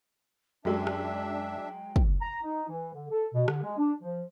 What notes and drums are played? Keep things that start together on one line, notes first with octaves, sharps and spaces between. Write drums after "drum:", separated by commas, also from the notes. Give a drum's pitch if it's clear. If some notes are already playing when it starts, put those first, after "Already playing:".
F#2 F#3 G#3 D4 E5 G5
drum: rim click
drum: kick
A#5
D#4
E3
D3
A4
B2
D3, drum: rim click
G#3
D4
F3